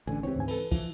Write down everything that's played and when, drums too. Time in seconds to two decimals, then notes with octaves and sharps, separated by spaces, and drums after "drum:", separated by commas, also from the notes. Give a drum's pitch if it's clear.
0.07 A1 D3 G#5
0.23 C#2 E3 C4 G4 C#5
0.36 D2 G#2 G#5
0.48 A4 B4, drum: cymbal
0.71 E3 F3, drum: kick, cymbal